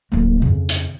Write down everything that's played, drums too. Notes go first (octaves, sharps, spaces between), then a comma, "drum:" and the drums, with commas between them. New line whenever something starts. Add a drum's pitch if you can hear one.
D1 A#3
F2 C#3
drum: hi-hat